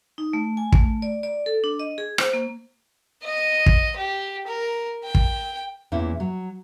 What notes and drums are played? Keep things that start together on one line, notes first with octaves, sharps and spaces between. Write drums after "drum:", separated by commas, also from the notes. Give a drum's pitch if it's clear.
D#4
A3
G#5
A3, drum: kick
D5
D5
A4
D4
D#5
G#4
C5, drum: rim click
A#3
D#5
drum: kick
G4
A#4
G5
drum: kick
E2 A#2 C#4 E4
F#3